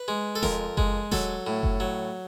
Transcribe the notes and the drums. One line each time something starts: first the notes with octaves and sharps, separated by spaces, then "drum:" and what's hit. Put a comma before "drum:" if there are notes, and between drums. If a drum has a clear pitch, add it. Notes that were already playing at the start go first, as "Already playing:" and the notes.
Already playing: B4
G#3
A4
F2 A#4, drum: snare D#1
G#3, drum: kick F#1
F#3 A4, drum: snare D#1
A2
drum: kick F#1
F#3